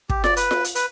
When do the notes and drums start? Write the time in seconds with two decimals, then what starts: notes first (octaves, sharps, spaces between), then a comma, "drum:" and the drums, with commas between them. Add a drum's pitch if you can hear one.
0.09 G4, drum: kick
0.24 D5, drum: snare F4
0.37 B4, drum: hi-hat
0.51 drum: snare F4
0.64 drum: hi-hat
0.75 B4, drum: hi-hat